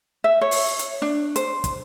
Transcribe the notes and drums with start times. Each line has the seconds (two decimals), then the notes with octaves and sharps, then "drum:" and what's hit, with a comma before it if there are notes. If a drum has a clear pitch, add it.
0.24 E5
0.41 C#5
0.51 drum: open hi-hat
0.79 drum: hi-hat
1.02 D4
1.36 C5, drum: hi-hat
1.64 drum: kick, hi-hat